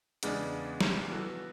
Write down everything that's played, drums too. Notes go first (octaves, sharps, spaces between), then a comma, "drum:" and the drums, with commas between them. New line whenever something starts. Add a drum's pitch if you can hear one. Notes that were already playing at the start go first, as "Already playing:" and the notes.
E2 C#3 G#3 B3 D4, drum: hi-hat
drum: snare
E3 B3 F#4 A4